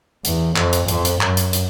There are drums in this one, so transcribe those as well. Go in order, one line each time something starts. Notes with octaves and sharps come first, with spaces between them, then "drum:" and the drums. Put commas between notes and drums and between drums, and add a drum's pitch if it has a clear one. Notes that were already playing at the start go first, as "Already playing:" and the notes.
E2, drum: hi-hat
F2, drum: clap
drum: hi-hat
F2, drum: hi-hat
drum: hi-hat
F#2, drum: clap
drum: hi-hat
drum: hi-hat